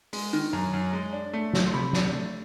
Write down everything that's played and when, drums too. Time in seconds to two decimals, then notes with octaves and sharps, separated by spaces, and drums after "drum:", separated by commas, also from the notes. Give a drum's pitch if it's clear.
0.13 G#3, drum: open hi-hat
0.33 D#3
0.53 F#2 A#5
0.73 F#2
0.93 G#3
1.13 D4
1.33 A3
1.53 F3, drum: snare
1.66 C6
1.74 C3 B5
1.93 D4, drum: snare
2.13 A3